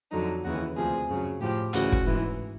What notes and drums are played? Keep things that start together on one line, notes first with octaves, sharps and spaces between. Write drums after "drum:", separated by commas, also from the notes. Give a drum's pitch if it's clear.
F2 D3 F#3 D#4
D#2 C#3 E3 F#4
D2 C3 F3 G#4
F#2 C#3 F#3
A2 F3 G4
D2 C#3 E3 F#4, drum: hi-hat
drum: kick
G#2 E3